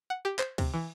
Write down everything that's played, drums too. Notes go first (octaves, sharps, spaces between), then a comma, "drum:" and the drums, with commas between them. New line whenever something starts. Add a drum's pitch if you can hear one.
F#5
G4
C5, drum: clap
C3, drum: kick C#2, cymbal
E3